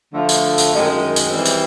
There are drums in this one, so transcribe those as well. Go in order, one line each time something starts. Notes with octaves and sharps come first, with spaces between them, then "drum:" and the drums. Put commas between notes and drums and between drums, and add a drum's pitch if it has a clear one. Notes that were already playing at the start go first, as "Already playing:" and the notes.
D3 F3 A3
drum: tambourine
drum: tambourine
F#2 D#3 G#3
drum: tambourine
E3 G3 C4
drum: tambourine